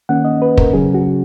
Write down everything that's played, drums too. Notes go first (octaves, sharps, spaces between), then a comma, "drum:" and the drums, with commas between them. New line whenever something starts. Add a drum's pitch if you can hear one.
D#3 A#3 C#4 F#5
D#5
B4
A#4, drum: kick
C#3 F#3 C#4 G#4
F#4